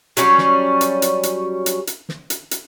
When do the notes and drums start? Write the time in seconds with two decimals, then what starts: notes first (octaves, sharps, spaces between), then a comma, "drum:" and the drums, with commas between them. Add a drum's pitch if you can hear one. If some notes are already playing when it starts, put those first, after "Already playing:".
0.17 F#3 G3 C#4 D5, drum: hi-hat
0.38 drum: snare
0.81 drum: hi-hat
1.02 drum: hi-hat
1.23 drum: hi-hat
1.66 drum: hi-hat
1.87 drum: hi-hat
2.09 drum: snare
2.30 drum: hi-hat
2.51 drum: hi-hat